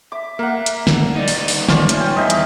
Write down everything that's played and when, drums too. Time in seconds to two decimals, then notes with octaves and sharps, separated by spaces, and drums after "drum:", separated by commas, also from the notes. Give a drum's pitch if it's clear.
0.12 E5 D6
0.39 A#3 A#4 F#5
0.66 drum: hi-hat
0.87 drum: snare
1.16 G3 D#4 D5
1.28 drum: open hi-hat
1.48 drum: open hi-hat
1.69 A3 C#4 F4 D5, drum: snare
1.89 drum: hi-hat
2.00 G5
2.17 E2 D#5 E5 G5 G#5
2.30 drum: hi-hat